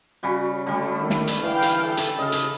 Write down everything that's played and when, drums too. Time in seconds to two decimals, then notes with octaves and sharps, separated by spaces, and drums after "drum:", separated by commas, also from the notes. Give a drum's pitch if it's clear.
0.23 C#3 G3 F#4
0.67 D3 G3 A3
0.99 D#3
1.10 drum: snare
1.28 drum: hi-hat
1.43 E3 F5 G5
1.62 drum: hi-hat
1.86 A4
1.97 drum: hi-hat
2.19 C#3 D#5 F5
2.32 drum: hi-hat